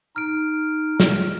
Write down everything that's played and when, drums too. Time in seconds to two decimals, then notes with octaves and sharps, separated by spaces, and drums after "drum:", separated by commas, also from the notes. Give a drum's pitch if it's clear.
0.16 D#4 F6 D7
1.00 drum: snare